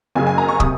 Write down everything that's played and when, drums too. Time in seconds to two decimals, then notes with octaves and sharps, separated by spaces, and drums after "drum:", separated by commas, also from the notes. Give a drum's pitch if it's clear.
0.15 F#1 F#2 C#3 G#5
0.27 G#5
0.38 A#5
0.48 C#6
0.60 C3 D#6, drum: kick